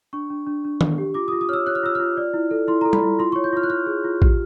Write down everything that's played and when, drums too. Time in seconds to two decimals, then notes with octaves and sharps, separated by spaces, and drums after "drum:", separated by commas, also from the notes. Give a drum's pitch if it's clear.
0.13 D4 C#6
0.30 D4
0.47 D4
0.65 D4
0.81 D4, drum: tom D#3
0.98 G4
1.14 F4 D6
1.28 D#6
1.32 F4
1.41 D#6
1.49 C#5 E6 F6
1.66 C#5 F#6
1.75 F6
1.83 F4 E6
1.95 F4 F6
2.17 D5
2.34 E4
2.51 A4
2.67 E4 C6
2.81 A4 A#5
2.93 B5, drum: tom G3
3.03 E4
3.19 F4 C6
3.32 C#5 C#6
3.44 G6
3.53 F4 F6
3.63 F#6
3.70 F4 F6
3.87 G#4
4.04 F4
4.22 G4, drum: kick A1